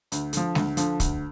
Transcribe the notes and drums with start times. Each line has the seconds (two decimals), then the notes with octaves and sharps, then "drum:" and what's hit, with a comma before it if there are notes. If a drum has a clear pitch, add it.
0.12 D2, drum: hi-hat
0.33 D3 F3, drum: hi-hat
0.55 D2, drum: snare G#3
0.77 D3 F3, drum: hi-hat
1.00 D2, drum: kick, hi-hat